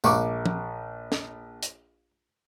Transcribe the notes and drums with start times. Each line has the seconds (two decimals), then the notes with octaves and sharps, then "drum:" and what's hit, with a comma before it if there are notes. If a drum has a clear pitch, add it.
0.04 A#1 C#6 D6, drum: tambourine
0.46 drum: tom
1.12 drum: snare
1.63 drum: hi-hat